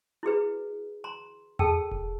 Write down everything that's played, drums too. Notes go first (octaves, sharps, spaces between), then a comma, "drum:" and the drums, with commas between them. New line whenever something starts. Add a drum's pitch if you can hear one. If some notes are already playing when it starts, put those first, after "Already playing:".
E4 F#4 G#4 B4
A#5 C6
G#4 A4 G5 A5 E6, drum: tom E2
drum: kick E1